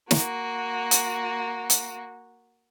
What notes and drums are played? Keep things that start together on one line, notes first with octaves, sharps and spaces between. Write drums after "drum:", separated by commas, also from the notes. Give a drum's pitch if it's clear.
A#3 F#4, drum: snare
drum: hi-hat
drum: hi-hat